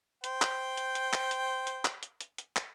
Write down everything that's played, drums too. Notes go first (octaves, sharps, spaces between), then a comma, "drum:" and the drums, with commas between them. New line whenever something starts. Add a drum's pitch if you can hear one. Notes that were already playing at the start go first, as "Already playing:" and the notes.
C5 G5, drum: hi-hat
drum: clap
drum: hi-hat
drum: hi-hat
drum: clap
drum: hi-hat
drum: hi-hat
drum: clap
drum: hi-hat
drum: hi-hat
drum: hi-hat
drum: clap